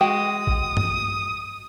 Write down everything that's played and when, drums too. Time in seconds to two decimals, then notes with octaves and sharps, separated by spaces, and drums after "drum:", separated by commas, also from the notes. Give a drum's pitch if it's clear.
0.01 G#3 F#4 G5 D#6
0.47 drum: kick
0.77 drum: tom G2